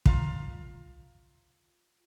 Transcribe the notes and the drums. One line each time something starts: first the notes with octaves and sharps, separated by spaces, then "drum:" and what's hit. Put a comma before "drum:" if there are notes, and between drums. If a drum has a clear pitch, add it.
F4 F5 A#5, drum: kick